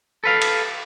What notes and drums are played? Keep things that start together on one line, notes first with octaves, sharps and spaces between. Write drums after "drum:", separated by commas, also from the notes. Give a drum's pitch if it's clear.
A4 B4 F5
drum: cymbal